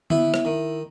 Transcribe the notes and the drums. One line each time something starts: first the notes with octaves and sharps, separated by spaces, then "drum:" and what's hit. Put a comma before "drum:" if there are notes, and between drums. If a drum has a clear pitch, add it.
B3 E4, drum: tom D3
drum: rim click
D#3